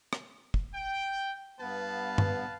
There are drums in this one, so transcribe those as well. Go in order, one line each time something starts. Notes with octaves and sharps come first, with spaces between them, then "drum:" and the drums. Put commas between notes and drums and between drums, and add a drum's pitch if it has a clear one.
drum: rim click
drum: kick
G5
G2 B3 B4 F5 A5
drum: tom G2